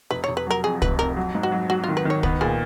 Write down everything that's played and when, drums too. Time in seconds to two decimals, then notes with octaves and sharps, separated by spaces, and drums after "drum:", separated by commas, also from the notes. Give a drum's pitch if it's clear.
0.11 F1 B4
0.24 C#5
0.29 F1
0.37 B4
0.47 F#3 A#4
0.64 F2 G#4
0.82 F1 B4, drum: kick
0.99 F2 A#4
1.17 F#3
1.35 G#2
1.43 F#4
1.52 F#3
1.70 F#3 F#4
1.84 F4
1.88 D#3
1.97 B4
2.05 D#3 C#5
2.23 B3 B4, drum: kick
2.41 A#2 G#4